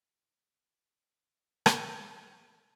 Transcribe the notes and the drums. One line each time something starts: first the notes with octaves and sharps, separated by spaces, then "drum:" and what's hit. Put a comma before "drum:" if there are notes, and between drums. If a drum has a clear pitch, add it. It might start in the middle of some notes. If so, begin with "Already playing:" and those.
A2 E3 F#3 B4 C#5
G2 A#5
drum: rim click